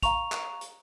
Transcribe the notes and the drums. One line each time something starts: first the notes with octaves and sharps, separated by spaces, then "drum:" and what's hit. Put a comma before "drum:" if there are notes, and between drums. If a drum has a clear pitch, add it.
F5 A#5 C#6 F7, drum: kick, hi-hat
drum: clap
drum: hi-hat